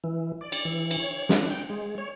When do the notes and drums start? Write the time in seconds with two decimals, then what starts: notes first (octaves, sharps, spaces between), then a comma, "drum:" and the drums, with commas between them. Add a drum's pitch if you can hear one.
0.04 E3
0.41 D5
0.52 drum: cymbal
0.65 E3
0.91 drum: cymbal
1.00 C#5
1.29 D4, drum: snare
1.50 G5
1.70 G#3
1.98 C#5